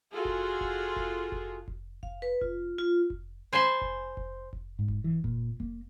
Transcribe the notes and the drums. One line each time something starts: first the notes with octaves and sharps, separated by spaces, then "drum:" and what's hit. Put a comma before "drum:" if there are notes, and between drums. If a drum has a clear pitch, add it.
F4 F#4 G#4 A4
drum: kick F1
drum: kick F1
drum: kick F1
drum: kick F1
drum: kick F1
F5, drum: kick F1
B4
F4, drum: kick F1
F4
drum: kick F1
C5 G#5 A5 B5 C6
drum: kick F1
drum: kick F1
drum: kick F1
G#2
drum: kick F1
E3
A#2, drum: kick F1
A#3, drum: kick F1